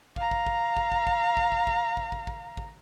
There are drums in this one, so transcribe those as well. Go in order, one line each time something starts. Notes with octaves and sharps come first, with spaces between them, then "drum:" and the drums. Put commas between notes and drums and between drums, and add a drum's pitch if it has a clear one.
F5 A#5, drum: kick
drum: kick
drum: kick
drum: kick
drum: kick
drum: kick
drum: kick
drum: kick
drum: kick
drum: kick
drum: kick
drum: kick
drum: kick